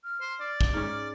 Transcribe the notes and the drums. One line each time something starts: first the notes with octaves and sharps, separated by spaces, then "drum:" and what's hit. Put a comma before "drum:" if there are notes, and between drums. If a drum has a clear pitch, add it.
F6
C5
D5
drum: kick
G#2 C#4 F6